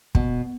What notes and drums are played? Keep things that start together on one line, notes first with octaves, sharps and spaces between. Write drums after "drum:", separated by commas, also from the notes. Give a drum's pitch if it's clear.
B2, drum: kick